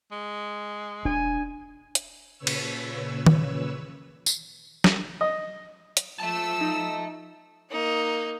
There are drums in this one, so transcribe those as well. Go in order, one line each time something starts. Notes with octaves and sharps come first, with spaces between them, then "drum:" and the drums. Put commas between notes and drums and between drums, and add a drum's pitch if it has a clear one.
G#3
E1 D4 G#5
drum: hi-hat
A#2 C#3 B4 C#5 E6
drum: cymbal
drum: tom D#3
drum: tambourine
drum: snare
D#5
drum: hi-hat
F3 E5 A5 E6
D#4
A#3 D#4